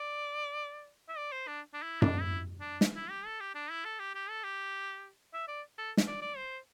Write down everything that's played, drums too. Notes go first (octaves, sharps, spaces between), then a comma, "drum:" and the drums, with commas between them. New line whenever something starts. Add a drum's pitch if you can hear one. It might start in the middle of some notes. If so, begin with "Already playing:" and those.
Already playing: D5
E5
D5
C5
D4
D4
E4
D4, drum: tom F#2
E4
D4
drum: snare
E4
G4
A4
G4
D4
E4
A4
G4
G4
A4
G4
E5
D5
A4
drum: snare
D5
D5
C5